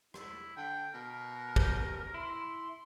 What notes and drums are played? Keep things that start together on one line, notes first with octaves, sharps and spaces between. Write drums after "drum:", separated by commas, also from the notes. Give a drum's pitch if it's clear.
E4, drum: rim click
D3 G5
B2 A#4
G4 B4 G6, drum: kick
E4 C6